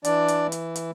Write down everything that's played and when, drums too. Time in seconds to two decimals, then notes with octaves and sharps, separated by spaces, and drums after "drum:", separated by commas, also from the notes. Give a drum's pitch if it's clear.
0.05 E3 D4 D5, drum: hi-hat
0.28 drum: hi-hat
0.52 drum: hi-hat
0.76 drum: hi-hat